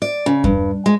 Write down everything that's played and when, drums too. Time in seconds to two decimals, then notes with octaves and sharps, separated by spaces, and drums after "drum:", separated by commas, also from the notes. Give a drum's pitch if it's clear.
0.02 D5
0.26 C#3
0.44 G2, drum: kick E2
0.86 G#3